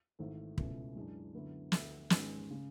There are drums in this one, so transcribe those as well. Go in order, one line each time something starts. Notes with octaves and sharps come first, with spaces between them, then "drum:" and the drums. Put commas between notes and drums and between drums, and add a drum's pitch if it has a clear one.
G#1 G#2 E3 A3
C#2 B2 A3 C#4 E4, drum: kick
F#2 E3 G#3 D4
F#2 D3 F#3 B3 E4
D2 D3 A3, drum: snare
G#1 G#2 G#3 C#4, drum: snare
C#3